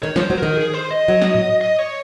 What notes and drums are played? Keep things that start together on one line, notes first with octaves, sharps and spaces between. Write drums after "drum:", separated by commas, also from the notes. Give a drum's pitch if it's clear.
D#3 C#5
F3, drum: snare
C5
F#3, drum: tom F3
D#3 A#4
G#4
C5
D#5
F#3
drum: snare
drum: tom G#2
D#5
C#5